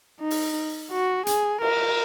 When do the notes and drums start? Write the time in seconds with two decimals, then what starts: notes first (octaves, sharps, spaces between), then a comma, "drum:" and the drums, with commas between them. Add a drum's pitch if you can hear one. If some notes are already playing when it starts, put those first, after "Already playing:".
0.20 D#4
0.31 drum: open hi-hat
0.91 F#4
1.27 G#4, drum: hi-hat
1.62 A#4, drum: cymbal